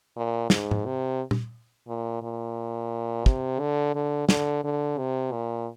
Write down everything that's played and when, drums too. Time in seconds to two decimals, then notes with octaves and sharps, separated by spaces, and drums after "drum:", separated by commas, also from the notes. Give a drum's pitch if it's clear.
0.17 A#2
0.50 G#2, drum: snare
0.71 drum: tom G#2
0.86 C3
1.31 drum: tom
1.88 A#2
2.22 A#2
3.26 C3, drum: kick
3.60 D3
3.94 D3
4.29 D3, drum: snare
4.64 D3
4.98 C3
5.32 A#2